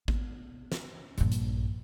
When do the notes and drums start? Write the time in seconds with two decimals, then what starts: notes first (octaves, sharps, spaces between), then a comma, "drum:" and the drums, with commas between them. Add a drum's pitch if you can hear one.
0.08 B3, drum: kick G#1
0.72 drum: snare
1.18 A#1 G2, drum: hi-hat
1.32 drum: hi-hat